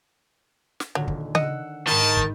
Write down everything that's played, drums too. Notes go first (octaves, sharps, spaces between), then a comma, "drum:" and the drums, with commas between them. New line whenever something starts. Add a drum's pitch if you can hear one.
drum: snare
D#1 D3 F#3
drum: kick
D#5 F#5 E6, drum: tom C#3
G#2 D#3 A5 B5 G6, drum: snare
drum: kick